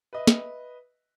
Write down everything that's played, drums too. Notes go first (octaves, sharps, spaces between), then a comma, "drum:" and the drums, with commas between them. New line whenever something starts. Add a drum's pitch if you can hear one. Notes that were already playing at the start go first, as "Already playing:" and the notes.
B4 D#5 E5
drum: snare